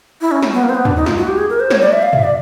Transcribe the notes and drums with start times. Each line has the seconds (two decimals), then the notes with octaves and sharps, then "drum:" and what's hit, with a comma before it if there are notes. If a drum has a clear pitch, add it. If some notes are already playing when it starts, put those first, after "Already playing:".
0.21 E4
0.31 C#4
0.43 drum: snare
0.53 B3
0.63 A#3
0.69 C4
0.74 B3
0.85 D4, drum: tom
0.96 D#4
1.06 F4, drum: snare
1.17 F#4
1.28 G4
1.38 G#4
1.50 A#4
1.60 C5
1.70 C#5, drum: snare
1.82 D5
1.92 E5
2.02 F5
2.13 E5, drum: tom
2.24 D5